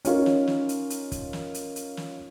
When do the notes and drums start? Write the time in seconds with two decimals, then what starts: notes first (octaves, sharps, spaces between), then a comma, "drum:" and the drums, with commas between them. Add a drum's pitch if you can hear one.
0.05 C#4 D#4 F4 A#4, drum: hi-hat
0.26 drum: snare
0.47 drum: snare
0.69 drum: hi-hat
0.90 drum: hi-hat
1.12 drum: kick, hi-hat
1.33 drum: snare
1.54 drum: hi-hat
1.76 drum: hi-hat
1.97 drum: snare